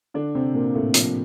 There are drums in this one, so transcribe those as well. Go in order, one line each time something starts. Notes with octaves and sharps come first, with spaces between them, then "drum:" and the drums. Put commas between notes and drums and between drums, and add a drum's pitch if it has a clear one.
D3 D4
C3 C4
A#2 A#3
A2 A3
F3, drum: hi-hat